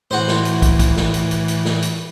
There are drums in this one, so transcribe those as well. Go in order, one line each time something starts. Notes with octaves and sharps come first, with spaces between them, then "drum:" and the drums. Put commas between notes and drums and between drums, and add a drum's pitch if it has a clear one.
A2 E3 F#4 C5
drum: snare
drum: hi-hat
drum: kick, hi-hat
drum: kick, hi-hat
drum: snare
drum: hi-hat
drum: hi-hat
drum: hi-hat
drum: snare
drum: hi-hat